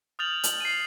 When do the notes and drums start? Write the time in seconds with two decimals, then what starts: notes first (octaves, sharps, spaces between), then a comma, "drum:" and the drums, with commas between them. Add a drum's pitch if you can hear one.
0.19 D#6 F6 G6 A6 F7 F#7
0.43 F#7, drum: hi-hat
0.60 C7 D#7